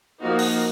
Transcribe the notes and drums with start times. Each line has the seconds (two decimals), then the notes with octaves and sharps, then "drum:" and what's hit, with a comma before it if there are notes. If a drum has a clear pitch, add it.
0.22 F3 A#3 D#4 F#4
0.39 drum: open hi-hat